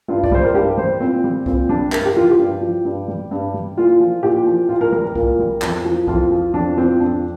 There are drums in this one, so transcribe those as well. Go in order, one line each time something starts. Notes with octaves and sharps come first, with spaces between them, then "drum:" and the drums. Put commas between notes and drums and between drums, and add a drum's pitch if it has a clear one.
G2 F4
D5, drum: kick B1
G3 C5
A#4
G2 G4
G3 C5
A#2 C4
G3
A#2 C4, drum: kick B1
G3 D4
G2 A#4, drum: clap
G4
F3 F4
G4
G2
F3
G2
G3
G2
G3
A#2 F4
F3
A#2 G4
F3
A#2 F4
A#4
G3 A#4
A#4
A#2, drum: kick B1
G3
F2, drum: clap
F3
F2 F4, drum: kick B1
F3
F2 D4
F3 C4
F2 D4